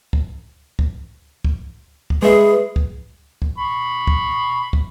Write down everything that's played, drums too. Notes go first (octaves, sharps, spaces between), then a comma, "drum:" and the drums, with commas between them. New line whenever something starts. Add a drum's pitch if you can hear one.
drum: kick
drum: kick
drum: kick
drum: kick
G#3 G#4 B4 E5
drum: kick
drum: kick
B5 C#6
drum: kick
drum: kick